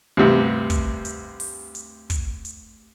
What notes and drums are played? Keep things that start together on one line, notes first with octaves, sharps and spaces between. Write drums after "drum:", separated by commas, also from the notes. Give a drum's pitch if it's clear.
D2 G2 C3
drum: kick, hi-hat
drum: hi-hat
drum: open hi-hat
drum: hi-hat
drum: kick, hi-hat
drum: hi-hat